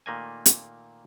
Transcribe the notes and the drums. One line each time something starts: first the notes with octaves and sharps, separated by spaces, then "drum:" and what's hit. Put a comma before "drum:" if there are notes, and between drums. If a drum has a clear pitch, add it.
A#2 D#3 A3 A#3 D#5 G#5
drum: hi-hat